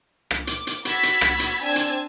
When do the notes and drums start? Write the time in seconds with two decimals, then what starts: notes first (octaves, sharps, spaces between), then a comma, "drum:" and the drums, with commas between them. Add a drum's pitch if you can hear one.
0.31 drum: rim click
0.47 D6, drum: hi-hat
0.67 drum: hi-hat
0.85 F#4 B5 E6 G#6 A6 B6, drum: hi-hat
1.03 drum: hi-hat
1.21 drum: rim click
1.39 drum: hi-hat
1.62 C4 D4 G#5 A5 E6 G#6
1.76 drum: hi-hat